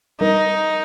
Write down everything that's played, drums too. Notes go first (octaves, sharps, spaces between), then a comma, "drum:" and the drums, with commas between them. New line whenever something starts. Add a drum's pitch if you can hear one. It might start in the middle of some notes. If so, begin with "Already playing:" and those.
D#4 A#4, drum: tom G3